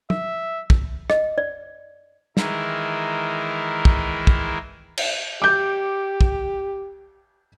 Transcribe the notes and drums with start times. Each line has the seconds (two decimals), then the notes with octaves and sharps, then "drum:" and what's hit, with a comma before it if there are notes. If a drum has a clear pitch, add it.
0.10 E5, drum: tom
0.70 drum: kick
1.10 D#5, drum: rim click
1.38 D5
2.37 D#3 E3 G#3 E4 A#4, drum: snare
3.85 drum: kick
4.27 drum: kick
4.97 drum: cymbal
5.42 G4 D6 G6
6.21 drum: kick